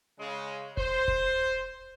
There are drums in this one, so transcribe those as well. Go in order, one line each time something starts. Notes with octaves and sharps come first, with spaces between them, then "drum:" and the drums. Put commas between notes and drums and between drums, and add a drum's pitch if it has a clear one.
C#3 G#3
C5, drum: kick E1
drum: kick E1